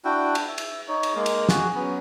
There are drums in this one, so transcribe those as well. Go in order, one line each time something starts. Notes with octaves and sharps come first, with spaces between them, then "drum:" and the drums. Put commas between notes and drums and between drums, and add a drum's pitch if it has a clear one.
D4 E4 F#4 G5
drum: cymbal
E5
drum: cymbal
D#4 C#5
drum: cymbal
G#3 A#3
drum: cymbal
F#4 G#4, drum: snare
F#3 B3 C#4